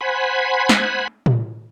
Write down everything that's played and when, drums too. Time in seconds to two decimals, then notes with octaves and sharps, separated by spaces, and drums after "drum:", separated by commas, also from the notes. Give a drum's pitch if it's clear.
0.01 C5 F#5 G#5 B5
0.69 drum: snare
1.26 drum: tom